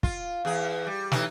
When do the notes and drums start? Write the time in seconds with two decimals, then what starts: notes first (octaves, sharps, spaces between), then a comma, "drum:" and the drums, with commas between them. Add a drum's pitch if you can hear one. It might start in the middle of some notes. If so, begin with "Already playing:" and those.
0.03 F4, drum: kick
0.45 E2 G#4
0.87 G3
1.12 A2 E3 D#4, drum: snare